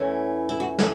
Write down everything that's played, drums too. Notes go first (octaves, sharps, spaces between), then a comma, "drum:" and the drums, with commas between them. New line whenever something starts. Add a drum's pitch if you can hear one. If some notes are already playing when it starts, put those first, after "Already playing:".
Already playing: E2 E3 A3 C#4
E4
F#4
A4, drum: snare